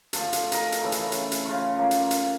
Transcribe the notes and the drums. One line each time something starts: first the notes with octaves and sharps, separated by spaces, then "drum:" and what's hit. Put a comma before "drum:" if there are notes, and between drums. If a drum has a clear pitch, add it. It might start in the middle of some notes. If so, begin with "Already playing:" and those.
D3 F3 A3, drum: hi-hat
drum: hi-hat
A#4 D#5, drum: hi-hat
drum: hi-hat
C#3 E3 A3
drum: hi-hat
drum: hi-hat
drum: hi-hat
C#3 F4 F5 C#6
F3 A#3
drum: hi-hat
drum: hi-hat